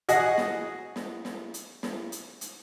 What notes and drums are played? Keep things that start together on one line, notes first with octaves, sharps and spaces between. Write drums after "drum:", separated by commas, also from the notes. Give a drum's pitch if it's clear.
F#4 G#4 D#5 F#5, drum: hi-hat
drum: snare
drum: snare
drum: snare
drum: hi-hat
drum: snare
drum: hi-hat
drum: hi-hat